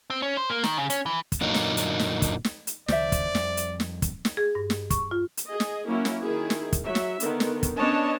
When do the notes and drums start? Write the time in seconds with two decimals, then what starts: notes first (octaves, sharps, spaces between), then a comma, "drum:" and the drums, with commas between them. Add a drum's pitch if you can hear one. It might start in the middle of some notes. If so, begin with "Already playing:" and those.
0.10 C4
0.22 C#4
0.37 C5
0.50 A#3
0.64 D#3, drum: snare
0.78 C#3
0.90 C#4, drum: hi-hat
1.06 E3
1.32 drum: kick, hi-hat
1.41 F#2 A#2 D3 F#3 A#3 D#4
1.54 drum: snare
1.77 drum: hi-hat
1.99 drum: snare
2.22 drum: kick, hi-hat
2.45 drum: snare
2.67 drum: hi-hat
2.88 C#2 D#3 F3 C5 D5 E5, drum: snare
3.12 drum: kick, hi-hat
3.35 F2 G3, drum: snare
3.57 drum: hi-hat
3.80 drum: snare
4.02 drum: kick, hi-hat
4.25 drum: snare
4.37 G#4
4.55 G2
4.70 drum: snare
4.90 C#6, drum: kick, hi-hat
5.11 F4
5.37 drum: hi-hat
5.49 G#4 D#5
5.60 drum: snare
5.86 F#3 A#3 C#4 E4 F#4
6.05 drum: snare
6.22 D#3 E4 G#4
6.50 drum: snare
6.73 drum: kick, hi-hat
6.84 F#3 E5
6.95 drum: snare
7.20 D3 D#3 B3, drum: hi-hat
7.40 drum: snare
7.63 drum: kick, hi-hat
7.78 B3 C#4 D4 C#5 D#5 A5